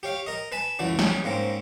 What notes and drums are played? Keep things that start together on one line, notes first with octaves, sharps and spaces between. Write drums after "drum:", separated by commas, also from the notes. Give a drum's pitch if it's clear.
G4 C#5 F5
A#4 D#5
B4 G#5 A5 B5
C#2 F#2 E3 F#4 D5
G3 C#4 G#4 D5, drum: snare
G#2 A#3 C4 C#4